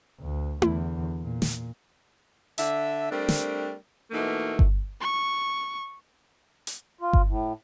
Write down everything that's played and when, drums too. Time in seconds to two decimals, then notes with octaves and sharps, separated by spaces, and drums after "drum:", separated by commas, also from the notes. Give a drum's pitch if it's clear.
0.21 D2
0.62 E2 D3, drum: tom E4
1.22 A#2
1.42 drum: snare
2.58 D3 E5, drum: hi-hat
3.11 G3 A3 C4 D4 A#4
3.29 drum: snare
4.11 B2 E3 A3 A#3 D#4
4.59 drum: kick G1
5.01 C#6
6.67 drum: hi-hat
7.01 F4
7.13 drum: kick G1
7.28 A2